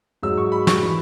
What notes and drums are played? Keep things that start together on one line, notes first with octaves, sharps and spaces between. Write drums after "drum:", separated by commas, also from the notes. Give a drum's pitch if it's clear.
G#2 F#3 E6
C#6
B5
C#6, drum: snare
E3 B5